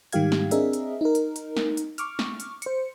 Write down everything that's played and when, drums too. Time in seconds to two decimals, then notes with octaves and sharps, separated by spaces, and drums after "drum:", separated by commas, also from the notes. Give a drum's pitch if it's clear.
0.13 G#2 D#3 G3 G4 F5 G#6, drum: hi-hat
0.32 drum: snare
0.51 C4 D4 G#4 A#4 D#5 E5, drum: hi-hat
0.73 drum: hi-hat
1.01 D#4 A#4
1.15 drum: hi-hat
1.36 drum: hi-hat
1.57 drum: snare
1.77 drum: hi-hat
1.98 C#6 D6 F6, drum: hi-hat
2.19 drum: snare
2.40 drum: hi-hat
2.62 C5 C#7, drum: hi-hat